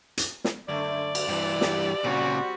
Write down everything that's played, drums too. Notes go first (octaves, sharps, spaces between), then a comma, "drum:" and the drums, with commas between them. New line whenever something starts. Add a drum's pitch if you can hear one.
drum: hi-hat
drum: snare
F#2 D3 A3 D5
drum: cymbal
G2 E3
G4, drum: snare
A#2 C#3 G3 C4 F#4